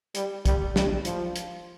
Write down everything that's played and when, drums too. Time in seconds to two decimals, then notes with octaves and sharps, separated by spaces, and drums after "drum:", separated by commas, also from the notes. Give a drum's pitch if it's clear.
0.15 G3, drum: hi-hat
0.46 G3, drum: kick, hi-hat
0.76 G3, drum: snare
1.05 F3, drum: hi-hat
1.36 drum: hi-hat